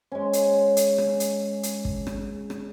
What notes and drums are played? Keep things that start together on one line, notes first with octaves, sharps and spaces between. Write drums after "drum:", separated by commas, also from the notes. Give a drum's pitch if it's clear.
G#3 C#4
drum: hi-hat
drum: hi-hat
drum: rim click
drum: hi-hat
drum: hi-hat
drum: kick
drum: rim click
drum: rim click